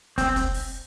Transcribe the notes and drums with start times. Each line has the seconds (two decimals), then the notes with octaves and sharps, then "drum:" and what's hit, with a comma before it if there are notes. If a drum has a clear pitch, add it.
0.18 C4, drum: kick, hi-hat
0.36 drum: kick, hi-hat
0.54 drum: open hi-hat